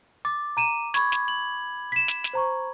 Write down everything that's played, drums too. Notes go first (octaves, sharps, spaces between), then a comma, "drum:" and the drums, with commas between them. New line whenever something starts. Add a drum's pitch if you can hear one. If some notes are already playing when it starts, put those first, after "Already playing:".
D6 A6
A#5 D#7 E7
B5 C#6 G#6, drum: snare
drum: snare
F#7
B6 E7
drum: snare
drum: snare
C5 A#5 C#6